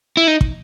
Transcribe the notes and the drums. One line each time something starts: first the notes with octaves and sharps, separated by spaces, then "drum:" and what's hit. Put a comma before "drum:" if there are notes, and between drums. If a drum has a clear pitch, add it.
E4
D#4
drum: kick